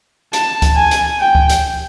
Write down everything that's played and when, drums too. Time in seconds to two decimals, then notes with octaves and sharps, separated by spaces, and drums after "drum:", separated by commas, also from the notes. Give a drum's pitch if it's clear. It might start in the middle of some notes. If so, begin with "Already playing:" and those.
0.33 A5, drum: hi-hat
0.62 drum: kick C#2, hi-hat
0.77 G#5
0.91 drum: hi-hat
1.20 G5
1.35 drum: kick C#2
1.49 drum: hi-hat